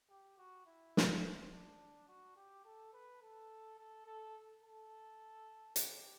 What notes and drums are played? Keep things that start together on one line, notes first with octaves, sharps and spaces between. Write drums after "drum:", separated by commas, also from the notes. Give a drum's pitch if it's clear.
G4
F#4
E4
drum: snare
C4
D4
F#4
G4
A4
B4
A4
A4
A4
A4
G4, drum: hi-hat